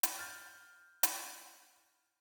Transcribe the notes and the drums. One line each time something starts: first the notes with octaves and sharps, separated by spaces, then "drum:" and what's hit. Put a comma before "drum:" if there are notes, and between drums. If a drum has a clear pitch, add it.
drum: hi-hat
F6 G6 A6
drum: hi-hat